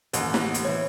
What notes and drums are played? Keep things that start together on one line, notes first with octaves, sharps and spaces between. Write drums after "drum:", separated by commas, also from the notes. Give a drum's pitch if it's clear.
A1 D#2 F#5, drum: hi-hat
drum: snare
drum: hi-hat
E3 C#5